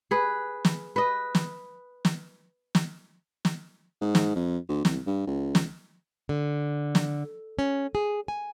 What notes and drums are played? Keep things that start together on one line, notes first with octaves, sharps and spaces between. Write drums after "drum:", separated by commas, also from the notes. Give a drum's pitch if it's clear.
G#4 B4
drum: snare
B4 D#5
drum: snare
drum: snare
drum: snare
drum: snare
G#2
drum: snare
F2
D2
C2, drum: snare
G2
C#2
drum: snare
D3
drum: snare
C#4
G#4
G#5